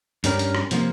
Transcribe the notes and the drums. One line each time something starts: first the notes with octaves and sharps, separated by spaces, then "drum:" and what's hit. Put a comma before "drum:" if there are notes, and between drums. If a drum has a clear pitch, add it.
G2 G3 C#4 G4 A#4, drum: hi-hat
drum: hi-hat
drum: rim click
C3 F3 A#3 F4, drum: hi-hat